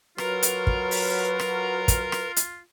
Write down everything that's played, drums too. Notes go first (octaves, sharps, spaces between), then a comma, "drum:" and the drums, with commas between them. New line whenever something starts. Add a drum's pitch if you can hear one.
F#3 F4 A#4 B4 A#5, drum: rim click
drum: hi-hat
drum: kick
drum: open hi-hat
drum: rim click
drum: kick, hi-hat
drum: rim click
drum: hi-hat